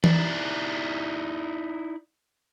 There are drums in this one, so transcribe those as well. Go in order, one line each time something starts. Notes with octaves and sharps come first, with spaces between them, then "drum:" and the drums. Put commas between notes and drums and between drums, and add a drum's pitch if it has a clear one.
D#4 E4 D5, drum: tom E3